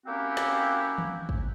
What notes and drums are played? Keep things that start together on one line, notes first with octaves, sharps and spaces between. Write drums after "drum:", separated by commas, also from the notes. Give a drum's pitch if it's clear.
A#3 C4 C#4 E4 F#4 G4
drum: snare
drum: tom D#3
drum: kick